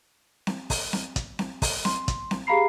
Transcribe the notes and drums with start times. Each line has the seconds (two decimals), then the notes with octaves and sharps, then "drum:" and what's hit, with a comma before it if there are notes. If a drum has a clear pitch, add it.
0.47 drum: snare C4
0.70 drum: kick, open hi-hat
0.93 drum: snare C4
1.16 drum: kick, hi-hat
1.39 drum: snare C4
1.62 drum: kick, open hi-hat
1.85 C6, drum: snare C4
2.08 drum: kick, hi-hat
2.31 drum: snare C4
2.47 G4 G#4 F5 A#5 B5 C7